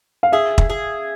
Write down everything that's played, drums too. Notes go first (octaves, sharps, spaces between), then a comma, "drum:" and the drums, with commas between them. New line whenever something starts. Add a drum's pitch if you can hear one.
F5
G#4 E5
drum: kick
G#4